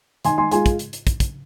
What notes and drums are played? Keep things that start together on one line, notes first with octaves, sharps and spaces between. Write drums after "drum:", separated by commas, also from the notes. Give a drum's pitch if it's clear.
D#3 G#5 C6, drum: hi-hat
G#5 C6
G#3 F4 G#5 C6, drum: hi-hat
drum: kick, hi-hat
drum: hi-hat
drum: hi-hat
drum: kick, hi-hat
drum: kick, hi-hat